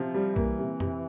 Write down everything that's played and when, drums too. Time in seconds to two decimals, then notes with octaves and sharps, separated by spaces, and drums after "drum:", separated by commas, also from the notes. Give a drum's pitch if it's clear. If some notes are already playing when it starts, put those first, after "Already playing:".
Already playing: C3 F3
0.14 G3
0.36 E3 A#3, drum: kick B1
0.59 C3
0.80 C3, drum: tom